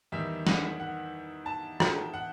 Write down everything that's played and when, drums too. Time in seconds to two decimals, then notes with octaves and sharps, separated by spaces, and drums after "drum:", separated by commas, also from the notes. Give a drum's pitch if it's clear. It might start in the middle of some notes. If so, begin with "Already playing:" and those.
0.12 E2 D#3 G3 E5
0.47 F#5, drum: snare
0.80 F#5
1.46 A5
1.80 G5, drum: rim click
2.14 F#5